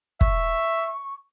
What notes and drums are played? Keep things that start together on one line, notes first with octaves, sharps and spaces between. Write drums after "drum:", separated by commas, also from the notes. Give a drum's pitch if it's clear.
E5 C#6, drum: kick